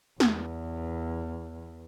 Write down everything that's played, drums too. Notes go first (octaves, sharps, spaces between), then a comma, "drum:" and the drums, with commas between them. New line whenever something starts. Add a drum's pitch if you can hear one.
E2, drum: snare